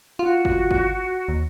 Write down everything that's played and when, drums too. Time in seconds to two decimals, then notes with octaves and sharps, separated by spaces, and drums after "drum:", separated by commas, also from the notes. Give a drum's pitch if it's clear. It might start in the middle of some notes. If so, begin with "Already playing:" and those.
0.19 F4 F#4
0.45 drum: kick G1
0.71 drum: kick G1
1.28 D#2